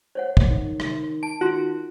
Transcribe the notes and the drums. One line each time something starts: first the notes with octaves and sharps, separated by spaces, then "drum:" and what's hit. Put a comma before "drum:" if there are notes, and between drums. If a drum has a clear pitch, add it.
C5 C#5 F#5
drum: kick
D#3
drum: rim click
A5 D7
D#3 F4 F#4 C6